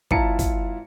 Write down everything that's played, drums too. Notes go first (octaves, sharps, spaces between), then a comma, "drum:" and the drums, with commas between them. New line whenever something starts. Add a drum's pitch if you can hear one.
G#1 E4 F4 A5 A#5 C#7, drum: kick
drum: kick, hi-hat